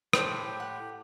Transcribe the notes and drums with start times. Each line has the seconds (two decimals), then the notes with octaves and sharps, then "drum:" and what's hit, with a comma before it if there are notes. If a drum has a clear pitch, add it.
0.13 A2 G4 C5 G5, drum: rim click
0.60 F#5